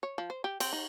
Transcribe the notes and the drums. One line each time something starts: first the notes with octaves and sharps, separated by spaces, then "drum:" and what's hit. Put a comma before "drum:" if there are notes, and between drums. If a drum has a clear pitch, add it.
C#5
F3
C5
G4
C4, drum: cymbal
D#4